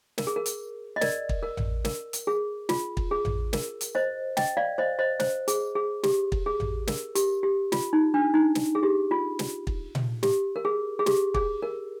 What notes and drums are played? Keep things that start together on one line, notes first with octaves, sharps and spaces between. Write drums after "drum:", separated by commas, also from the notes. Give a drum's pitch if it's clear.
A#4, drum: snare
G#4
A#4
drum: hi-hat
D#5
A#4 D5, drum: snare
drum: kick
A#4
drum: tom A1
A#4, drum: snare
drum: hi-hat
G#4
F4, drum: snare
drum: kick
G#4
drum: tom A1
A#4, drum: snare
drum: hi-hat
C5 D#5
D#5 G5, drum: snare
D5 F5
C5 D#5
C5 D#5
C5, drum: snare
G#4, drum: hi-hat
G#4
G4, drum: snare
drum: kick
G#4
drum: tom A1
A#4, drum: snare
G4, drum: hi-hat
G4
F4, drum: snare
D#4
D4
D#4
drum: snare
G#4
G4
F4
drum: snare
drum: kick
drum: tom A#2
G4, drum: snare
A#4
G#4
G#4
G4, drum: snare
G#4, drum: kick
A#4